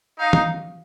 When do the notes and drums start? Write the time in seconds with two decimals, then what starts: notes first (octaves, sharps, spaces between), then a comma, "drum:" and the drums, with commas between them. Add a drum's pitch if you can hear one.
0.19 D#4 F5
0.33 drum: tom